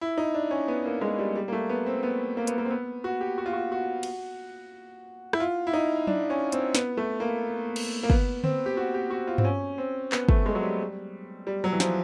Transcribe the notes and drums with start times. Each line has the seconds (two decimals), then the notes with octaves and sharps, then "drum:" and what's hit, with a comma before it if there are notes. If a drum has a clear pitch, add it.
0.01 E4
0.18 D#4
0.34 D4
0.51 C#4
0.68 B3
0.86 A#3
1.01 G#3
1.19 G3
1.35 G3
1.48 A#3
1.52 A3
1.69 B3
1.86 C4
2.03 B3
2.37 A#3
2.47 B3, drum: hi-hat
2.58 A#3
2.65 C4
2.71 B3
3.04 F#4
3.21 G4
3.38 F#4
3.46 F4
3.53 F#4
3.72 F#4
4.03 drum: cymbal
5.33 E4, drum: rim click
5.40 F4
5.67 E4
5.73 D#4
6.07 D4, drum: tom F#3
6.30 C#4
6.52 C4, drum: hi-hat
6.75 B3, drum: snare
6.97 A3
7.20 A#3
7.76 drum: cymbal
8.03 A#3
8.10 B3, drum: kick
8.44 C4, drum: tom D3
8.66 G4
8.77 F#4
8.94 G4
9.10 F#4
9.27 F4
9.38 C4, drum: tom G2
9.45 C#4
9.78 C4
10.12 B3, drum: clap
10.29 A3, drum: kick
10.46 G#3
10.55 F#3
10.62 G3
11.47 G3
11.64 F#3
11.73 E3
11.80 F3, drum: snare